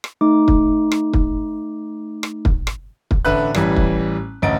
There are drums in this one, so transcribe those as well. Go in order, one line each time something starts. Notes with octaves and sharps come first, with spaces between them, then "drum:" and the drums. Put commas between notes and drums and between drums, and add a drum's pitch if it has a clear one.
drum: rim click
A3 D#4 D6
drum: kick
drum: rim click
drum: kick
drum: rim click
drum: kick
drum: rim click
drum: kick
A1 D3 B4 E5 F#6
A1 E3 G3, drum: rim click
drum: kick
A1 D2 D#5 A6 D7